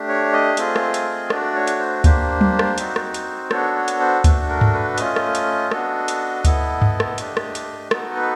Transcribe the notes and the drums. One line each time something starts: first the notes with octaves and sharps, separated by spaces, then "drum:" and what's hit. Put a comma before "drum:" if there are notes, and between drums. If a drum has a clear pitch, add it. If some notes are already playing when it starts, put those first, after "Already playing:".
Already playing: A3 D4 G4
C#5
D#5
A3 C4 F4 G#4, drum: hi-hat
drum: rim click
drum: hi-hat
A3 D4 F#4 D5, drum: rim click
C#5
drum: hi-hat
C5
A#3 D4 G4 C5, drum: kick D2, hi-hat
drum: tom F#3
drum: rim click
C4 D#4 F#4, drum: hi-hat
drum: rim click
drum: hi-hat
B3 D4 F#4 A4 C#5, drum: rim click
C#5
drum: hi-hat
C5
A3 D4 F#4 A4, drum: kick D2, hi-hat
A#4
drum: tom G2
B4
A3 C#4 F4 D#5, drum: hi-hat
drum: rim click
drum: hi-hat
B3 D4 F#4 A4, drum: rim click
drum: hi-hat
B3 E4 A4, drum: kick D2, hi-hat
drum: tom G2
drum: rim click
A3 D4 G4, drum: hi-hat
drum: rim click
drum: hi-hat
B3 D#4 F#4 A4 D#5, drum: rim click
B4